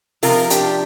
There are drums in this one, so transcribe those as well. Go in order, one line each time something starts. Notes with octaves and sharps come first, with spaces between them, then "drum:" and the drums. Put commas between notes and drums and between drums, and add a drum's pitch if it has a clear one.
C3 F3 F4 A#4, drum: open hi-hat
D4 G4, drum: hi-hat